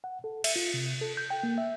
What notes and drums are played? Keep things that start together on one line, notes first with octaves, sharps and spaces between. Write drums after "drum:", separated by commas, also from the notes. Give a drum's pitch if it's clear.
F#5
A4
E5, drum: cymbal
F4
C3
A4
G6
G5
A#3
E5